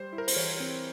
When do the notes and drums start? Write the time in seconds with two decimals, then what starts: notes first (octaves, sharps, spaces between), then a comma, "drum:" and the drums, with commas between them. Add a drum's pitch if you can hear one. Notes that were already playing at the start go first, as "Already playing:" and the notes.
Already playing: G3 C5
0.13 E4
0.18 A#4
0.28 C5, drum: open hi-hat
0.36 E3 C#5
0.60 C4